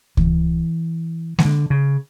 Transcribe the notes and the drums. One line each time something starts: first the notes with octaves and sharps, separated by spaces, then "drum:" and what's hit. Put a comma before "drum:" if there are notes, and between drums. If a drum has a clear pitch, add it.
E3, drum: kick C#2
E3, drum: snare G#3
D3
C#3